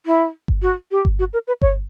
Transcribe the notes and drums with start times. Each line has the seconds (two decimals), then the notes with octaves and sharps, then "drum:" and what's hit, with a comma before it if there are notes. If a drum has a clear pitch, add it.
0.06 E4
0.48 drum: kick G1
0.62 F#4
0.91 G4
1.05 drum: kick G1
1.19 F#4
1.33 A#4
1.47 B4
1.62 C#5, drum: kick G1